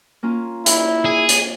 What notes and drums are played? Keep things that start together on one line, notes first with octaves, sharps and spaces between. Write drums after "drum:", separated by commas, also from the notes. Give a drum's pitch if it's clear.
A#3 C#4 F4
E4, drum: hi-hat
G#4
drum: hi-hat